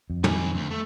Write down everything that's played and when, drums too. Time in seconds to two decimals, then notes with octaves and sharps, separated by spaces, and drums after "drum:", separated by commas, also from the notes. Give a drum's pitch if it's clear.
0.10 F2
0.24 D#3 G#5, drum: tom
0.55 D2
0.70 A3